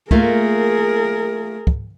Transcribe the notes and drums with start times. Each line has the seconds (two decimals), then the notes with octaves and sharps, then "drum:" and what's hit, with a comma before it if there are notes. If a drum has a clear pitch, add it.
0.11 A3 A#3 F4 G#4 A#4, drum: kick
1.67 drum: kick